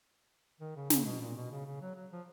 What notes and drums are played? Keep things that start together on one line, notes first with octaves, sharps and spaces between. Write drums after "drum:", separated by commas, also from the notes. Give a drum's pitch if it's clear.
D#3
C#3
C#3, drum: snare
B2
A#2
B2
C#3
C#3
F#3
F#3
F3